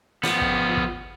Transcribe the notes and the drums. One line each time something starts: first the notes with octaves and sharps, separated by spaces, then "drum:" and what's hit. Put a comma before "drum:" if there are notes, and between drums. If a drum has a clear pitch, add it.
F3 B3, drum: snare
drum: kick
drum: kick